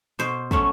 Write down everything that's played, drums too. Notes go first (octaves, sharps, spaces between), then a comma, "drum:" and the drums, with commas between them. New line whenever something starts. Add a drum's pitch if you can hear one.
B2 C5
F#3 A3 C#4, drum: kick